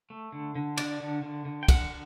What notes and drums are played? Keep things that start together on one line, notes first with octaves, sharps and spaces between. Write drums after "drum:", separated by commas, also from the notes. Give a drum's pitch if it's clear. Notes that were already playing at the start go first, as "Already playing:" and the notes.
A3
D3
D3
D4 D5, drum: cymbal
D3
D3
D3
G5
D3 F#5, drum: kick, cymbal